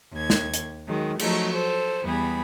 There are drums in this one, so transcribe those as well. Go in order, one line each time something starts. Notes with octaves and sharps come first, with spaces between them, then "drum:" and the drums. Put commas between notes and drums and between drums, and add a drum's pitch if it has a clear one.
D#2 G#6
drum: snare
drum: hi-hat
D#3 F#3 G#3
F3 F#3 A3 D#4, drum: cymbal
A4 C5
E2 G3 B3 G#4 B5